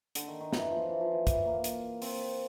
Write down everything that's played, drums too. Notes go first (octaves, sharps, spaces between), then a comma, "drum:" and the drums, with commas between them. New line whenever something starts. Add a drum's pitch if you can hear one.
D3, drum: hi-hat
D#3
D#3
E3, drum: snare
F3
E3
F3
E3
E3, drum: kick, hi-hat
A#3
drum: hi-hat
C4, drum: open hi-hat